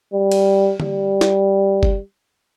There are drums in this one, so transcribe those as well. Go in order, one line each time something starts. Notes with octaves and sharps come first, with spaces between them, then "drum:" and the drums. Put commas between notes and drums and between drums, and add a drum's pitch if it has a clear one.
G3
drum: cymbal
G3, drum: tom D3
drum: snare
drum: kick F#1